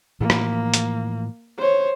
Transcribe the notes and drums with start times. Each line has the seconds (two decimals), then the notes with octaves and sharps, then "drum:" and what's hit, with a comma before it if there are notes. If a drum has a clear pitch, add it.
0.20 A2 E3 F3 A#3
0.30 drum: rim click
0.74 drum: hi-hat
1.58 C5 C#5